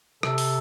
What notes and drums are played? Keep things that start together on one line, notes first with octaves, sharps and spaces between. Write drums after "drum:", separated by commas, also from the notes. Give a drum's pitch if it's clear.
C3 A4, drum: rim click
drum: open hi-hat